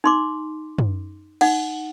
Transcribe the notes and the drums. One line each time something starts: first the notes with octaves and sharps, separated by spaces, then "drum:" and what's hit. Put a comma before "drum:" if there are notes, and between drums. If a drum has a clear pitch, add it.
D#4 C6 D6
drum: tom
D#4 F#5, drum: cymbal